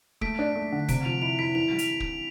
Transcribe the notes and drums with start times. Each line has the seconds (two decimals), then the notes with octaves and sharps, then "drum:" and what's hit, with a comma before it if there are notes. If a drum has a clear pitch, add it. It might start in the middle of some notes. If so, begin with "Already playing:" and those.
0.21 A3 B6 D7, drum: kick
0.39 D4
0.56 A3
0.72 D3
0.88 C3 B6 D7, drum: kick, hi-hat
1.05 F3 D7 F7
1.22 E4 D7 F7
1.39 E4 B6 D7
1.55 E3 D7 F7
1.72 G3
1.79 D7 F7, drum: hi-hat
2.00 drum: kick